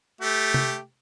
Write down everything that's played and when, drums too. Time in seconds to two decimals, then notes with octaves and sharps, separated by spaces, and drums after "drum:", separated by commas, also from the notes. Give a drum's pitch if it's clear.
0.21 A3 G4
0.54 drum: tom C3